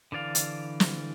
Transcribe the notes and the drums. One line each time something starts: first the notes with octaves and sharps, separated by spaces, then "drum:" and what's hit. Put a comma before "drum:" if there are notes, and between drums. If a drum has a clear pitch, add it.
D3 E3 D5 F5
drum: hi-hat
drum: snare